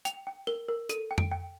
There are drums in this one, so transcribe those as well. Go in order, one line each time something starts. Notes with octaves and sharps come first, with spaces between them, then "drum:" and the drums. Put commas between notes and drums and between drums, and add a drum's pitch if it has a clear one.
G5 F7, drum: hi-hat
G5
A#4 G7
A#4
A4 D#7, drum: hi-hat
G5
D7, drum: tom F2
G5